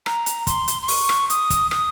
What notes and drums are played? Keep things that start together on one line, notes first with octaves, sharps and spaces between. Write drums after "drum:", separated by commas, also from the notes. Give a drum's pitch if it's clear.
A#5, drum: rim click
drum: hi-hat
C6, drum: kick, hi-hat
drum: hi-hat
C6
C#6, drum: open hi-hat
drum: rim click
D#6, drum: hi-hat
drum: kick, hi-hat
D#6, drum: rim click